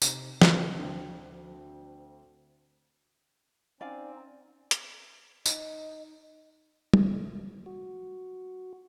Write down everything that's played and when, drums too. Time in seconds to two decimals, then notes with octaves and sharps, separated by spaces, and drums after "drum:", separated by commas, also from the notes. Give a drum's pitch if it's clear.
0.02 C3 D#4, drum: tambourine
0.42 F#4 B4, drum: snare
0.77 D2 C4 D4
3.81 C4 C#4 D#4 D5 F5 G#5
4.71 drum: hi-hat
5.46 D#4 D#5, drum: tambourine
6.94 drum: tom
7.66 F#4